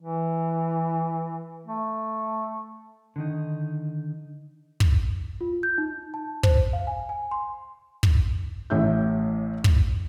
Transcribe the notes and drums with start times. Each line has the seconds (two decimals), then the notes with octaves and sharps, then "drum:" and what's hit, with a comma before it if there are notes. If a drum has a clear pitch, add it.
0.01 E3
1.66 A3
3.16 D3 D#3 D#4
4.80 drum: kick
5.41 F4
5.63 G6
5.78 D#4
6.14 A5
6.43 C5, drum: kick
6.73 F5
6.87 G#5
7.09 G#5
7.31 C6
8.03 drum: kick
8.70 A1 A2 E5 G6
9.64 drum: kick